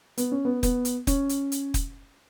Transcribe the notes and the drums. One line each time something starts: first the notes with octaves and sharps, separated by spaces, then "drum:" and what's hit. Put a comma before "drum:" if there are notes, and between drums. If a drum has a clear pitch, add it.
B3, drum: hi-hat
C#4
B3
B3, drum: kick, hi-hat
drum: hi-hat
C#4, drum: kick, hi-hat
drum: hi-hat
drum: hi-hat
drum: kick, hi-hat